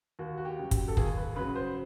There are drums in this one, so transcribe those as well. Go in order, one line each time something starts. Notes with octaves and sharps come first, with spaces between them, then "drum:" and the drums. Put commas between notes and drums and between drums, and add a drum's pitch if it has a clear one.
D#2 F#4
F#4
G4
C#3 F#3
G4, drum: kick, hi-hat
A4
D#2 G#4, drum: kick
B4
C#3 F#3 B4
C5